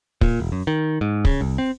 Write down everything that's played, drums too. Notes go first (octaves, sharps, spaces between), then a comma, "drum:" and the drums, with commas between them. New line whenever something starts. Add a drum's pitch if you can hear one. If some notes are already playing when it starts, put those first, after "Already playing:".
A#2, drum: kick
E1
F#2
D#3
G#2
C#3, drum: kick
C2
C4